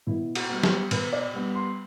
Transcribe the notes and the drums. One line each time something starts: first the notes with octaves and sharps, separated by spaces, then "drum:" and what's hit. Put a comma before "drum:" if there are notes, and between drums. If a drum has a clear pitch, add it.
B2 E4
F#4, drum: cymbal
G3 B3
G4, drum: snare
B2 B4, drum: cymbal
D5
G3 B3
C6